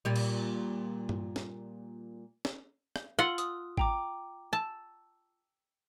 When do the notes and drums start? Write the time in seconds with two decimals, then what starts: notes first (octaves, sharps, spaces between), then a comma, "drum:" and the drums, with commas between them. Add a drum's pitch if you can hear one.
0.05 A#2 G3
0.16 drum: cymbal
1.09 drum: tom G2
1.36 drum: snare
2.45 drum: snare
2.96 drum: rim click
3.19 F4 F#5 C6 E6
3.38 D#6, drum: hi-hat
3.77 G5 A#5 D6, drum: kick G#1
4.53 A5 E6